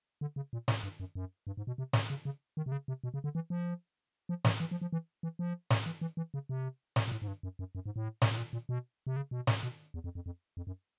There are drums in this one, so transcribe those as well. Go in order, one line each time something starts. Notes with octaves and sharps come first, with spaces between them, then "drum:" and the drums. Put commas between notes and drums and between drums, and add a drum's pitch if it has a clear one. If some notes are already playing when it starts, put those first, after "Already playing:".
D3
C#3
A#2
A2, drum: snare
G2
F#2
F#2
G2
G#2
B2
C3
C#3, drum: snare
C#3
C#3
D#3
C3
C#3
C3
B2
C#3
D3
E3
F3
F3
E3, drum: snare
E3
F3
F3
E3
E3
F3
drum: snare
E3
E3
E3
C#3
C3
drum: snare
A#2
A2
G#2
G2
F#2
F#2
F#2
G#2
A2
drum: snare
A2
A#2
A#2
B2
C3
C#3
B2
drum: snare
B2
E2
F2
F2
F2
F2
F#2